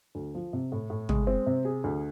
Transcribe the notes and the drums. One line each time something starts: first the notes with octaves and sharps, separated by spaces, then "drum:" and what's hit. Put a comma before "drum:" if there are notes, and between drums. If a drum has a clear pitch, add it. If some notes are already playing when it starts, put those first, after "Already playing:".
D2
F3
C3
A2
A2
G#3, drum: tom
C4
C3
G#4
D2